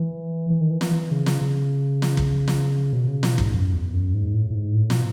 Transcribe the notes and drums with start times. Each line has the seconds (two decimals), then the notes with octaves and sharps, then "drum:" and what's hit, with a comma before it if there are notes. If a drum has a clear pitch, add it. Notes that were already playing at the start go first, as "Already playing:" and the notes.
Already playing: E3
0.50 E3
0.61 D#3
0.70 E3
0.81 drum: snare
0.91 E3
1.11 C#3
1.26 drum: snare
1.41 C#3
2.02 drum: snare
2.17 drum: kick
2.48 drum: snare
2.93 B2
3.08 C#3
3.23 B2, drum: snare
3.38 G#2, drum: kick
3.54 F#2
3.74 E2
3.94 F#2
4.14 G#2
4.34 A2
4.50 A2
4.55 G#2
4.75 A2
4.90 B2, drum: snare